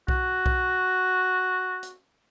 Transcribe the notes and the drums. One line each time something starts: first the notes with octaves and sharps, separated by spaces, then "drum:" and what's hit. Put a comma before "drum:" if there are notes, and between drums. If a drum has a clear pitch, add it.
F#4, drum: kick B1
drum: kick B1
drum: hi-hat